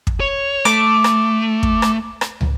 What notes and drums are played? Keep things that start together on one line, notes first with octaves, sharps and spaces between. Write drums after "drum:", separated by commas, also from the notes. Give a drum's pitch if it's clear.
drum: kick
C#5
A3 D6, drum: rim click
drum: rim click
drum: kick
drum: rim click
drum: rim click
drum: tom